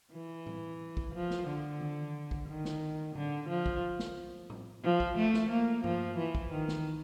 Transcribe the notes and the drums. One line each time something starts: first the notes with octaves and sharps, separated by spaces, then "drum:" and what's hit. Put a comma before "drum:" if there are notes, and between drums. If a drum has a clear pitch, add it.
E3
drum: tom A2
drum: kick
F3
drum: snare
D3
drum: tom D#3
drum: kick
D#3
drum: snare
D3, drum: tom A2
F3
drum: kick
drum: snare
drum: tom A2
F3
drum: kick
A3
drum: snare
A#3
F3, drum: tom G2
E3
drum: kick
D#3
drum: snare